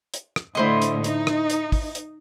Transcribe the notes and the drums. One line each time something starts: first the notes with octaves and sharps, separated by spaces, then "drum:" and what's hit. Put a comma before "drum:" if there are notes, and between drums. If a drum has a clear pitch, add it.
drum: hi-hat
drum: rim click
A2 D3 A3 E4 C5 D#5
drum: hi-hat
D#4, drum: hi-hat
drum: rim click
drum: hi-hat
drum: kick, open hi-hat
drum: hi-hat